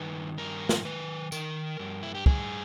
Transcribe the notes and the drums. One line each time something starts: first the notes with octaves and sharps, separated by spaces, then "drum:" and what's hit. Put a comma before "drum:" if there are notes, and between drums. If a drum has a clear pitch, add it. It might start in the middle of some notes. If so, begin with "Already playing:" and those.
Already playing: G2 D#3 B4
G2 A#4
drum: snare
D#3 B4
D#3 A#4, drum: tambourine
G2
E4
G4
G2 G#4, drum: kick